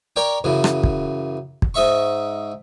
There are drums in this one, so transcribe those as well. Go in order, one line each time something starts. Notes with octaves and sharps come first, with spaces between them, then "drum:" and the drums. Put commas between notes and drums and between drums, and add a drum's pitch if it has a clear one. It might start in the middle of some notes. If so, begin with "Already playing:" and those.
A#4 C#5 D5 G5
F#2 C#3 E3
drum: rim click
drum: kick
drum: kick
G#2 D#5 E5 C#6